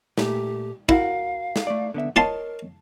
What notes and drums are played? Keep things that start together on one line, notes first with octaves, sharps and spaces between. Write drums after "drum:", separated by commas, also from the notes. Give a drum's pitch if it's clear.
A#2 A3 G4, drum: snare
E4 F#4 A#4 F5, drum: kick
drum: snare
A3 D5
D3 B3 E5
F4 A#4 C#5 D#5 A5 C6